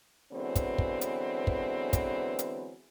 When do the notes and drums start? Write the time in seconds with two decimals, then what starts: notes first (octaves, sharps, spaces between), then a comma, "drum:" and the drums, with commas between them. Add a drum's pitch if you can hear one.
0.33 D3 E3 F#3 G#3 B3 C4
0.56 drum: kick, hi-hat
0.78 drum: kick
1.01 drum: hi-hat
1.47 drum: kick
1.93 drum: kick, hi-hat
2.39 drum: hi-hat